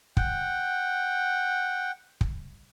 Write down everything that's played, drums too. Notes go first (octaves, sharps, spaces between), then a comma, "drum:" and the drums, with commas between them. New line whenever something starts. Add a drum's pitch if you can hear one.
F#5 G5, drum: kick
drum: kick